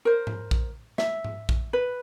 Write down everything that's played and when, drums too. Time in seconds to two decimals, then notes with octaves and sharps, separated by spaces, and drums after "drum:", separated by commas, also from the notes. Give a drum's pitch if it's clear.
0.05 A#4 C5
0.27 drum: tom G#2
0.51 drum: kick A#1
0.98 E5, drum: snare
1.24 drum: tom G#2
1.49 drum: kick A#1
1.73 B4